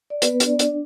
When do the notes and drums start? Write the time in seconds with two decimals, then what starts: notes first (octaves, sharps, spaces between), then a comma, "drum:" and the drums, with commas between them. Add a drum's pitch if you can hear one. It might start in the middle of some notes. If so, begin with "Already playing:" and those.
0.10 D5
0.22 B3 B4, drum: hi-hat
0.40 D4, drum: hi-hat
0.46 D5
0.59 D4, drum: hi-hat